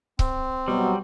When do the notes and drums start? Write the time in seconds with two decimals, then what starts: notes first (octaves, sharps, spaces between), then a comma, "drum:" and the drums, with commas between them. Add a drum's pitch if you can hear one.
0.19 C4, drum: kick C#1
0.68 B2 F#3 G3